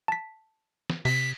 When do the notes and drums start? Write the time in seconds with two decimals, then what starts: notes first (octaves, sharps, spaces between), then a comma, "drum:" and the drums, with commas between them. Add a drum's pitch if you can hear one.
0.08 A5 B6
0.90 drum: snare
1.05 C3 B6, drum: cymbal